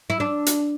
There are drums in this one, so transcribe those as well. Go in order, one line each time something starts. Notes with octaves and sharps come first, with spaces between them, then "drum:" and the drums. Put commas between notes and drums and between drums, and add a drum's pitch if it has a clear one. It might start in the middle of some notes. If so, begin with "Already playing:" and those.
E4
D4
drum: hi-hat